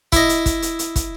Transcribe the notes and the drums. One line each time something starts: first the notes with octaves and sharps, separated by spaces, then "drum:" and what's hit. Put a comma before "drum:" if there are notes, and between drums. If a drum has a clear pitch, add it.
E4 D#5, drum: kick, hi-hat
drum: hi-hat
drum: kick, hi-hat
drum: hi-hat
drum: hi-hat
drum: kick, hi-hat